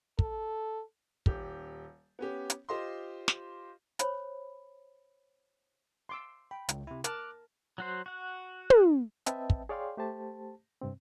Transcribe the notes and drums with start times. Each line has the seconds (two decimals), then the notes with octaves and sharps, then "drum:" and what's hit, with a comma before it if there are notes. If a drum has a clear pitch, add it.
0.19 A4, drum: kick
1.26 D#1 G4, drum: kick
2.19 B3 C#4 G4
2.50 drum: hi-hat
2.69 F4 G4 C5 D#5 C6
3.28 drum: snare
3.99 C5 C#5 B5, drum: hi-hat
6.09 C6 D6 E6
6.51 G5 B5
6.69 C#2, drum: hi-hat
6.87 C3 E4
7.04 A#4 A5 D6 F6 F#6, drum: hi-hat
7.78 F#3 F#4 C5
8.06 F#4 F#5
8.70 drum: tom
9.26 C4 B4 D#5 E5 G5 A5, drum: hi-hat
9.50 drum: kick
9.69 G#4 C#5 D5 F5 G5 C6
9.97 A3 G4 C5 A5
10.82 G2 C3 C4